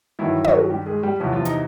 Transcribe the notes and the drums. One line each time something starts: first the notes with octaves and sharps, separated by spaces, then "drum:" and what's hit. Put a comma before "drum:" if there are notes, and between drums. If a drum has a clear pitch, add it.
G2 D#3 E3 F#3 E4
F#3 F#4, drum: tom
G3 G4
G#3 G#4
G3 G4
E2 C3 F3 F#3 F#4
F3 F4
D#4, drum: hi-hat